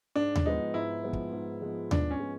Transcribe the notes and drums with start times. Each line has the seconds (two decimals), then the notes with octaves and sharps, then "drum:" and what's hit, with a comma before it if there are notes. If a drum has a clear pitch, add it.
0.15 G#2 D4
0.36 drum: tom D#2
0.45 F3 G#3 B3 D#4
0.74 G#2 E4
1.04 F3 G#3 B3
1.13 drum: kick
1.32 G#2
1.62 F3 G#3 B3
1.91 G#2 D4, drum: tom D#2
2.11 C#4
2.20 F3 G#3 B3